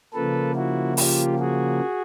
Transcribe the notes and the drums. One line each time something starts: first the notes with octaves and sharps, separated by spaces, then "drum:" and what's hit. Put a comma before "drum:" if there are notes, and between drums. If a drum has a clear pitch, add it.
C#3 F3 A#3 A4 B4
E4 F#4
F4 G4, drum: open hi-hat
F#4 G#4